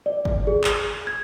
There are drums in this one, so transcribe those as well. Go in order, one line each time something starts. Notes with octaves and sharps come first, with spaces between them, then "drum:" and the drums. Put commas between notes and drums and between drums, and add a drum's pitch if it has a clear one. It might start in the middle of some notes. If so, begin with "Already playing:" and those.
D5
drum: kick
G#4
drum: clap
G#6